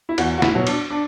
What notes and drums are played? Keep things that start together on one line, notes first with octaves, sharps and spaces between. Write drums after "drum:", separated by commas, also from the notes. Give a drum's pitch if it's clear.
E4
E2 F#4, drum: cymbal
F#4
E4, drum: snare
B2 F#3
D4, drum: cymbal
D4